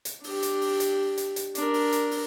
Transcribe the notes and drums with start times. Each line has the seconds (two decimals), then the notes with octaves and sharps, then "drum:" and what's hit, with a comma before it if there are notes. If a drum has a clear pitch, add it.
0.05 drum: hi-hat
0.24 D4 G4, drum: open hi-hat
0.43 drum: hi-hat
0.61 drum: open hi-hat
0.80 drum: hi-hat
1.17 drum: hi-hat
1.36 drum: hi-hat
1.55 D4 A#4, drum: hi-hat
1.74 drum: open hi-hat
1.92 drum: hi-hat
2.11 drum: open hi-hat